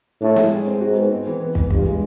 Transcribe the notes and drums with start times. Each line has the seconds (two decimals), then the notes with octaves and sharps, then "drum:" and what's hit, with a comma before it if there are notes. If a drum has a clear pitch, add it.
0.21 A2 D4
0.36 G#3, drum: snare
0.51 G#4
0.67 C4
0.81 G#2 F#4
0.96 B3
1.12 C4
1.26 E3
1.41 B3
1.55 E3, drum: kick
1.70 G2 F4, drum: kick
1.86 G#3